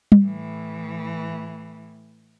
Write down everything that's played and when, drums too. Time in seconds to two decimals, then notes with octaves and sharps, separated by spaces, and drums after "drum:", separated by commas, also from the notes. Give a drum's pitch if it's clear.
0.12 drum: tom G3
0.23 A2 E3